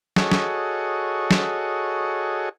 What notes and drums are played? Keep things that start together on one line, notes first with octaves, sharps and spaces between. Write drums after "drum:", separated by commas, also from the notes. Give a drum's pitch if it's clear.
F#4 G#4 A4 C#5 D#5, drum: snare
drum: snare
drum: snare